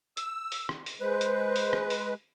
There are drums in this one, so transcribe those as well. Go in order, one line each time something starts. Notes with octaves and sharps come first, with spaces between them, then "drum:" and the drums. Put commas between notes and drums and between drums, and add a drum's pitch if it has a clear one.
E6, drum: hi-hat
drum: open hi-hat
drum: rim click
drum: open hi-hat
G#3 B4 C5
drum: hi-hat
drum: open hi-hat
drum: rim click
drum: open hi-hat